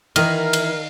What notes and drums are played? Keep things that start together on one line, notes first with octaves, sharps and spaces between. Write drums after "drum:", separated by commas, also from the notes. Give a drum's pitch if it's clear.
D#3 E3 E4 A#4 D#5 F6, drum: cymbal
drum: cymbal